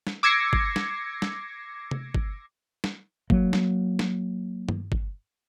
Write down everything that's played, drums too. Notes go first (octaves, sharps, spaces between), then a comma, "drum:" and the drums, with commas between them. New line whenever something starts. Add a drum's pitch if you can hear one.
drum: snare
D6 E6 G#6 A#6 C7 C#7
drum: kick
drum: snare
drum: snare
drum: tom C3
drum: kick
drum: snare
F#3 A#3, drum: kick
drum: snare
drum: snare
drum: tom G2
drum: kick